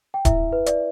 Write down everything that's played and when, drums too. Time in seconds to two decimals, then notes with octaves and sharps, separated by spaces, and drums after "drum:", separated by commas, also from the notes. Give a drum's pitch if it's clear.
0.14 G5
0.25 E4 E5, drum: kick D1, hi-hat
0.53 B4
0.66 D5, drum: hi-hat